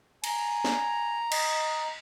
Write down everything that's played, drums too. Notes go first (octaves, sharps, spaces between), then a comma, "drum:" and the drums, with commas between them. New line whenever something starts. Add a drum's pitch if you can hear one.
G#5 A#5, drum: cymbal
drum: snare
D#5, drum: cymbal